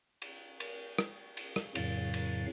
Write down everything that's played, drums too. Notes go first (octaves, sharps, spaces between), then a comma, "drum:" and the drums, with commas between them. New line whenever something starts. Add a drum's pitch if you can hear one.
drum: cymbal
drum: cymbal
drum: rim click
drum: cymbal
drum: rim click
F2 A2 C#3 F#3 F5 A6, drum: cymbal
drum: cymbal